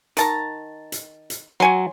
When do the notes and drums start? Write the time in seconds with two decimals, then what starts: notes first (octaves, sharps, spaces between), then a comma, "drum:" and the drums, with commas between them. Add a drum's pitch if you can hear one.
0.17 D#3 A5 A#5, drum: hi-hat
0.92 drum: hi-hat
1.30 drum: hi-hat
1.60 F#3 C#5 G#5 C6